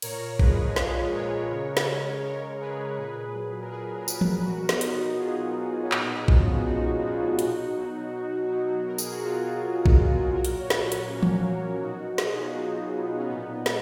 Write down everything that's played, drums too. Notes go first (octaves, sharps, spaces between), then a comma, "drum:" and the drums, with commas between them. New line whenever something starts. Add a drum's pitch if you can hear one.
A#2 A#4 C#5, drum: cymbal
F3 G#3 G#4 B4, drum: kick A#1
A#2 F4 G#4, drum: snare
F3 G#3 A#4 C#5
C#3
drum: snare
G#3
C#3 A#4 C#5
G#3 G#4 B4
A#2 G#4 B4
F#3
A#4
A#2 G#4 B4
A#4
F#3 G#4 B4, drum: tambourine
drum: tom E3
B4
B2 F#4 A#4
B3 D#4, drum: snare
F#3, drum: hi-hat
B3 D#4
B2 F4 G#4
F#3
C#4
A#2 B3 D#4, drum: clap
G#4
F#4
F3 G#3 C#4 F4, drum: kick A#1
A#2 D#4 F#4
F3 G#3
B2, drum: hi-hat
F#3
B2
F#3
B2 A#4
G#4, drum: tambourine
F#4
F#3 F4 G#4
B2
drum: kick A#1
F#3
A#2 F#4 A#4
drum: hi-hat
A#4 C#5
F#3, drum: snare
drum: hi-hat
A#2 A#3 C#4
drum: tom E3
F#3 A#3
B2 D#4 F#4
F#3 G#4, drum: snare
F#4
F4 G#4
B2 D#4 F#4
B3
F#3
B3
C#4
A#2 B3 D#4
G#3, drum: snare